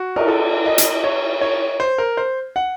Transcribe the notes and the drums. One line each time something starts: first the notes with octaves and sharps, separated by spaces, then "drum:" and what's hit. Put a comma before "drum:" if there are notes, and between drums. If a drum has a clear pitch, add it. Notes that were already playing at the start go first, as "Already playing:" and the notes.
Already playing: F#4
A#4, drum: cymbal
A4
D#5
drum: hi-hat
C#5
C#5
C5
A#4
C5
F#5